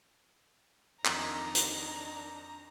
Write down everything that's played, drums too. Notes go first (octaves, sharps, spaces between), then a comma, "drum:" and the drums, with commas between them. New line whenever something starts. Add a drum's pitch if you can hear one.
F2 D#3 D4 A#5 D#6, drum: clap
drum: hi-hat